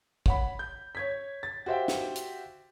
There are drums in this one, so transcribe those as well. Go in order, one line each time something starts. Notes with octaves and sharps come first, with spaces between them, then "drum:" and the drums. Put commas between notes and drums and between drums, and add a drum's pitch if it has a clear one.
C#5 F#5 B5, drum: kick
G6
C#5 G#6 B6
A6
F#4 G4 C5 E5 F5 G5
drum: snare
drum: hi-hat